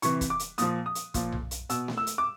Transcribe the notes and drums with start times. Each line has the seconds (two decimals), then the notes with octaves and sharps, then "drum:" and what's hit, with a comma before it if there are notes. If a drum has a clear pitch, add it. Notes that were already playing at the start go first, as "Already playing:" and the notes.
0.02 C3 E3 C#6, drum: hi-hat
0.21 drum: kick, hi-hat
0.30 D6
0.40 drum: hi-hat
0.58 A#2 F3 D#6, drum: hi-hat
0.86 D#6
0.95 drum: hi-hat
1.14 A#2 F3, drum: kick, hi-hat
1.32 drum: tom B1
1.51 drum: hi-hat
1.69 B2 E6, drum: hi-hat
1.88 drum: snare A3
1.97 E6
2.07 drum: hi-hat
2.18 D6